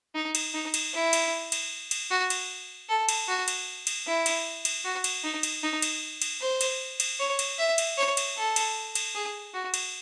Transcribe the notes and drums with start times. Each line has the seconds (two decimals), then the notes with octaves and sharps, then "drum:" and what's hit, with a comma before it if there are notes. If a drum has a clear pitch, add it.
0.15 D#4
0.35 drum: cymbal
0.54 D#4
0.74 drum: cymbal
0.94 E4
1.13 drum: cymbal
1.52 drum: cymbal
1.91 drum: cymbal
2.11 F#4
2.30 drum: cymbal
2.89 A4
3.09 drum: cymbal
3.28 F#4
3.48 drum: cymbal
3.87 drum: cymbal
4.07 E4
4.26 drum: cymbal
4.65 drum: cymbal
4.84 F#4
5.04 drum: cymbal
5.24 D#4
5.43 drum: cymbal
5.63 D#4
5.82 drum: cymbal
6.22 drum: cymbal
6.41 C5
6.61 drum: cymbal
7.00 drum: cymbal
7.19 C#5
7.39 drum: cymbal
7.58 E5
7.78 drum: cymbal
7.98 C#5
8.17 drum: cymbal
8.37 A4
8.56 drum: cymbal
8.95 drum: cymbal
9.15 G#4
9.54 F#4
9.74 drum: cymbal